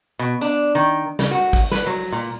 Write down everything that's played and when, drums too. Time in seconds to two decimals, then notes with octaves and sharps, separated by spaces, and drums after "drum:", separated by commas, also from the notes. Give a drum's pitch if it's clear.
0.19 B2
0.41 D4, drum: hi-hat
0.75 D#3
1.19 C#3, drum: snare
1.31 F#4
1.53 drum: kick G#1, open hi-hat
1.72 B4, drum: snare
1.87 F#3
2.12 A#2